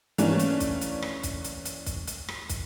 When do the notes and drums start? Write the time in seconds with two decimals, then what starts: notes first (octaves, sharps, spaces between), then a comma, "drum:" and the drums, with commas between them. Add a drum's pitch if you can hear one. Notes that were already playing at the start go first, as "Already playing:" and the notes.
0.18 E3 A3 A#3 C#4 D4, drum: hi-hat
0.39 drum: hi-hat
0.60 drum: kick, hi-hat
0.81 drum: hi-hat
1.02 drum: rim click
1.23 drum: kick, hi-hat
1.44 drum: hi-hat
1.65 drum: hi-hat
1.86 drum: kick, hi-hat
2.07 drum: hi-hat
2.28 drum: rim click
2.49 drum: kick, hi-hat